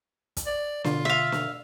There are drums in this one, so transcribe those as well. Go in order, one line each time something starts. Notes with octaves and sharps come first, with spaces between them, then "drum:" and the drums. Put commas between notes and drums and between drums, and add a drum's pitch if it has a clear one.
drum: kick, hi-hat
D5
B2 D3 F4, drum: snare
E5 F5
drum: snare